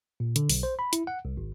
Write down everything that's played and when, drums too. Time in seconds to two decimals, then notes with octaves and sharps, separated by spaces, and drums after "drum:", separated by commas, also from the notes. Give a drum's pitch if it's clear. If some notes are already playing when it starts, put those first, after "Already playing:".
0.20 A#2
0.36 D3, drum: hi-hat
0.49 B1, drum: open hi-hat
0.63 C5
0.79 B5
0.93 E4, drum: hi-hat
1.07 F#5
1.25 C2
1.37 G#1